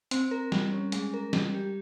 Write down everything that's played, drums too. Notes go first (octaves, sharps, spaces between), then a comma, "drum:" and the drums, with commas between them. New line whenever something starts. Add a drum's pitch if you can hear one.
C4, drum: hi-hat
A#4
G3, drum: snare
C#4
G#3, drum: hi-hat
A#4
G3, drum: snare
G4